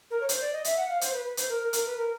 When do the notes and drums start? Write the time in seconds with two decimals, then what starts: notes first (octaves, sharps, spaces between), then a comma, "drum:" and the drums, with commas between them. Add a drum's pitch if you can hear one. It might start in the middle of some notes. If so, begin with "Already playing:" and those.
0.11 A#4
0.21 C#5
0.29 C5, drum: hi-hat
0.41 D5
0.53 D#5
0.64 E5, drum: hi-hat
0.77 F#5
0.89 F5
1.01 C5, drum: hi-hat
1.13 B4
1.24 B4
1.37 C5, drum: hi-hat
1.49 A#4
1.61 A#4
1.73 A#4, drum: hi-hat
1.86 B4
1.97 A#4